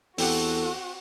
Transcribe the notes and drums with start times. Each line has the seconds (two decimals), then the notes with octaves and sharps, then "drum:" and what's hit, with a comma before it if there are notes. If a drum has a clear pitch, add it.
0.18 E2 C4 F#4 G4 A4 F#5, drum: open hi-hat